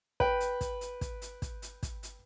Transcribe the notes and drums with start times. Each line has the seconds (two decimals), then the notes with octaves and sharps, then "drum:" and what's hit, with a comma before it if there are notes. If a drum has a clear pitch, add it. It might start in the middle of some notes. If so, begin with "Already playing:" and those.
0.20 B4 G5, drum: kick
0.40 drum: hi-hat
0.61 drum: kick, hi-hat
0.81 drum: hi-hat
1.01 drum: kick, hi-hat
1.22 drum: hi-hat
1.42 drum: kick, hi-hat
1.62 drum: hi-hat
1.83 drum: kick, hi-hat
2.03 drum: hi-hat